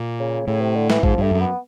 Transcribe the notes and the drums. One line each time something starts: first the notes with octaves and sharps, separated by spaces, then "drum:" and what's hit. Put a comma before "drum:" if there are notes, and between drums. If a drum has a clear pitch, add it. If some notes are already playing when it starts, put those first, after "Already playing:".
Already playing: A#2
C#3
A2 C#3
C3
D3
E3, drum: snare
G#2 F3, drum: kick A1
G2 A3
F#2
B3